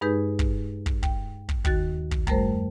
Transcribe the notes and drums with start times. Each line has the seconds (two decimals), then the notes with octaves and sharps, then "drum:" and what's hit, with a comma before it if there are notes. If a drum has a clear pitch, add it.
0.01 G2 G#3 D#4 G#4 B4 G6
0.39 drum: kick
0.86 drum: kick
1.03 G5, drum: kick
1.49 drum: kick
1.65 D#2 D#3 F#4 A6, drum: kick
2.11 drum: kick
2.27 F#2 G3 A3 A#4 C5, drum: kick